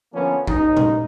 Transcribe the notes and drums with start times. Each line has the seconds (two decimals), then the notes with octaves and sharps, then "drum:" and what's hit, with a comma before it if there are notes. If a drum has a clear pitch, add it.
0.13 D3 F3 A#3 B3 C#4
0.47 A1 D#4, drum: kick
0.77 drum: tom A#2